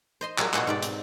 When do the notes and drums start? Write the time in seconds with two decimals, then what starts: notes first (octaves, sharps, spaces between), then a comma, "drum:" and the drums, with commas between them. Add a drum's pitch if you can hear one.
0.21 C5 D#5 C6
0.38 F#3 G3 G#4 A#4, drum: clap
0.54 B2 F#4 G#4 C5 F#5, drum: clap
0.67 G#2 G4 D5
0.82 C4, drum: hi-hat